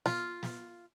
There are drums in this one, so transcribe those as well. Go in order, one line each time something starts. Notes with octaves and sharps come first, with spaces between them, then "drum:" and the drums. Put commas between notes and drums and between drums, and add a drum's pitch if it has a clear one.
F4, drum: snare
drum: snare